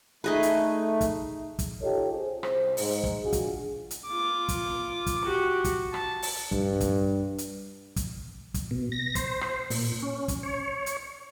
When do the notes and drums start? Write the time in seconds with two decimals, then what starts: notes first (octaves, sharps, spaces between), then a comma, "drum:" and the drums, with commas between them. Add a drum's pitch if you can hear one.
0.24 A3 D#4 G#4 B4
0.43 drum: hi-hat
1.01 drum: kick, hi-hat
1.59 drum: kick, hi-hat
1.82 D#4 F4 G4 A4 C#5
2.12 C#4 G#4 C5
2.43 C2 C5, drum: rim click
2.77 G#2, drum: open hi-hat
3.04 drum: kick
3.23 C#2 D4 F4 F#4 G#4
3.33 drum: kick, hi-hat
3.91 drum: hi-hat
4.07 F4 D6
4.49 drum: kick, hi-hat
5.06 drum: kick, hi-hat
5.25 F#4 G4
5.64 drum: kick, hi-hat
5.94 A5, drum: rim click
6.22 drum: open hi-hat
6.52 G2, drum: kick
6.80 drum: kick, hi-hat
7.38 drum: hi-hat
7.96 drum: kick, hi-hat
8.54 drum: kick, hi-hat
8.71 B2
8.92 A#6
9.15 C5, drum: kick, hi-hat
9.41 drum: rim click
9.70 A#2, drum: open hi-hat
10.02 C#4
10.28 drum: kick, hi-hat
10.43 C#5
10.86 drum: hi-hat